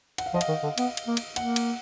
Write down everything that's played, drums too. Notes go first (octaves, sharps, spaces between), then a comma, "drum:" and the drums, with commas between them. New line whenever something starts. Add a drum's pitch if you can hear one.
F#5, drum: cymbal
F5
F3 D#5
F5, drum: cymbal
D#3
D3
B3, drum: cymbal
drum: cymbal
A#3
drum: cymbal
A#3 F#5, drum: cymbal
drum: cymbal